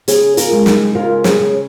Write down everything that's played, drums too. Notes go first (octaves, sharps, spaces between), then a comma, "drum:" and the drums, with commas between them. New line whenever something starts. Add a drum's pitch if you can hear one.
C#3 G#4 C#5, drum: hi-hat
F4 A#4, drum: hi-hat
G#3
D#4 G#4, drum: snare
C#3 F4 A#4
G#4 C#5, drum: snare
C#3